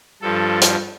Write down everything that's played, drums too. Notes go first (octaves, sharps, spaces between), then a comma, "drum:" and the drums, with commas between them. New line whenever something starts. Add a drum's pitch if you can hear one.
G2 F3 A4
drum: hi-hat